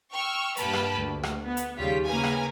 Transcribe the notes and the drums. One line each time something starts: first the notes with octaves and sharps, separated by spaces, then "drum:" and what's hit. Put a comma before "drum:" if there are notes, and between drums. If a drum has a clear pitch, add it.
G5 C#6 E6 F6
G2 A#3 G4 B4 A5 B5, drum: hi-hat
drum: rim click
D2
drum: rim click
B3
drum: hi-hat
D#2 C#3 G3 F4 B6
C#3 A#3 B4 G#5 A#5
drum: rim click